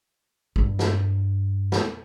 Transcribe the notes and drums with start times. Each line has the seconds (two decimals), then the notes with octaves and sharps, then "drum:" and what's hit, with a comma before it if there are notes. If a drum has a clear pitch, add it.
0.56 G2, drum: kick
0.79 drum: snare
1.72 drum: snare